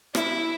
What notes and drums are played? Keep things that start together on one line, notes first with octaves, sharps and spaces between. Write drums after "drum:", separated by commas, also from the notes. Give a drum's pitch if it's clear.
E4, drum: rim click